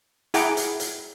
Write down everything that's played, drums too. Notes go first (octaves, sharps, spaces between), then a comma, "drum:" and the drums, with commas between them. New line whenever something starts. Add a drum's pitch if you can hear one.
E4 G#4 F#5 G5 A#5 D6, drum: hi-hat
drum: hi-hat
drum: hi-hat